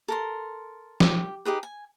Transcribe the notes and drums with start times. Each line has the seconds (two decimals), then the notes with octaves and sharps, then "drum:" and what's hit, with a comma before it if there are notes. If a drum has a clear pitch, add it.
0.08 A4 A#4 C6
1.00 G4, drum: snare F3
1.45 D#4 G4 G#4 B4
1.63 G#5